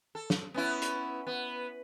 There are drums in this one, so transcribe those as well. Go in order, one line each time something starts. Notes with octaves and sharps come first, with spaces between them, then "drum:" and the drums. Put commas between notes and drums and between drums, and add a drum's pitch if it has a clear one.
A4
drum: snare
B3 C#4 E4
drum: hi-hat
B3